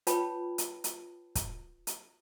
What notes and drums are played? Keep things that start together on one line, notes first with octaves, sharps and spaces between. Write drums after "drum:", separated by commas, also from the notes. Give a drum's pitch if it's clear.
F4 B4 C#5 G5 A5 B5, drum: hi-hat
drum: hi-hat
drum: hi-hat
drum: kick, hi-hat
drum: hi-hat